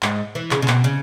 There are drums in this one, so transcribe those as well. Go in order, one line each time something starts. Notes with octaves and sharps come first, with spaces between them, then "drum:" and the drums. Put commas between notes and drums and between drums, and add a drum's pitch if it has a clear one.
G#2, drum: clap
E3
C#3, drum: clap
C#3
B2, drum: clap
C#3